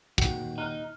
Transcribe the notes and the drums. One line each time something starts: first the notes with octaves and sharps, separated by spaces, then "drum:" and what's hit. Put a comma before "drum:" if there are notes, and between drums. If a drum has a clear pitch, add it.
D#2 F#4 F#5 G5, drum: kick
D#4 F6 F#6